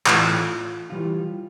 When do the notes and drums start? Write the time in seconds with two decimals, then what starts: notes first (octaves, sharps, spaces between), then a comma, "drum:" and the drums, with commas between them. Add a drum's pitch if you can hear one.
0.06 A2 E3 A3 F4, drum: clap
0.90 E3 G3 F4